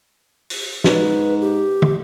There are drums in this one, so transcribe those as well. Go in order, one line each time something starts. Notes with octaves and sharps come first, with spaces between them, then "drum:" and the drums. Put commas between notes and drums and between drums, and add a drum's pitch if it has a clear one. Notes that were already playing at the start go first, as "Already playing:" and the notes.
drum: open hi-hat
G#2 B4, drum: snare
G4
drum: tom